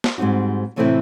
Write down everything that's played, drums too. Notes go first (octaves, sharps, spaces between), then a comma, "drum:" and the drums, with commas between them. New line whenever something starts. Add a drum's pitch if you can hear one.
drum: snare
G#2 G3 C4 D#4 F#4
A2 C3 E3 A3 C4 E4